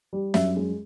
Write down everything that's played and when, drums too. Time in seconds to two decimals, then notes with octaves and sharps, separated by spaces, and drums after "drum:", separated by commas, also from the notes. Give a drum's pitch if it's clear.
0.13 G3
0.34 F#2 E5, drum: snare
0.57 G#3